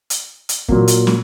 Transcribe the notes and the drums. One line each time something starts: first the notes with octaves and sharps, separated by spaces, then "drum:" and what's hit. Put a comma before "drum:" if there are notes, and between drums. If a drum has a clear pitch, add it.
drum: hi-hat
drum: hi-hat
A#2 F#3 A#3, drum: kick
drum: hi-hat
drum: snare